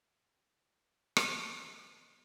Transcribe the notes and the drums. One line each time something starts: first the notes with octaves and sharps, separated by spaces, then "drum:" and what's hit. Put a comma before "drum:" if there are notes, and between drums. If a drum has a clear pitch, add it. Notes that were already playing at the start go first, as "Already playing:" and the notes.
B5
drum: rim click
B6